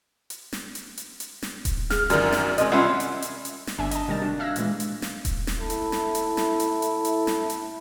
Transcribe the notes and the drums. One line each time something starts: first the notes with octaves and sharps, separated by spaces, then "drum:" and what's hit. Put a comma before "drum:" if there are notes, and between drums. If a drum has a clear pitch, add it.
drum: hi-hat
drum: snare
drum: hi-hat
drum: hi-hat
drum: hi-hat
drum: snare
drum: kick D#1, hi-hat
G#4 F6, drum: snare
F#2 D#3 E3 D5, drum: hi-hat
drum: snare
G#3 C4 D#5, drum: hi-hat
C2 C#4 F4 E5 B5
drum: hi-hat
drum: hi-hat
drum: hi-hat
drum: snare
G1 D4 E5 G#5
D#5 A5, drum: hi-hat
C3 D#3 G3 A6 E7
D4 F#4
E5 F5 E6 F#6 G#6 A#6
A#2 E3 G#3, drum: hi-hat
drum: hi-hat
drum: snare
drum: kick D#1, hi-hat
drum: snare
A2 E4 A4
drum: hi-hat
drum: snare
drum: hi-hat
drum: snare
drum: hi-hat
drum: hi-hat
drum: hi-hat
drum: snare
drum: hi-hat